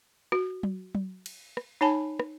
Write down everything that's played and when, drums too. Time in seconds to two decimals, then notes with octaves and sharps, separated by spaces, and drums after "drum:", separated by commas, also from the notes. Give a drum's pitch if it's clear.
0.32 F#4, drum: rim click
0.63 drum: tom F#3
0.95 drum: tom F#3
1.26 drum: cymbal
1.57 drum: rim click
1.81 D#4 C#5 G#5 A5 B5
2.20 drum: rim click